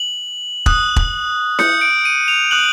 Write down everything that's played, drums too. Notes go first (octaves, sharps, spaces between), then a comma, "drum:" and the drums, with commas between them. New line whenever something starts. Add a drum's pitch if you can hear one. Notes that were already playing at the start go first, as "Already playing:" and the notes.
Already playing: F#7
D#6 F#6, drum: kick E1
drum: kick E1
D#6 G6 C#7, drum: snare E4
D7
D#7
F7
D#6 F#6 F#7